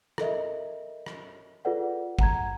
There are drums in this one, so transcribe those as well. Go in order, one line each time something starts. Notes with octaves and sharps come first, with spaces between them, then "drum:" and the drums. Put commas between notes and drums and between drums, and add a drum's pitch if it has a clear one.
A4 A#4 D#5 E5, drum: rim click
drum: rim click
F4 G#4 A4 B4 D5 F#5
F#5 A#5 G#6, drum: kick G#1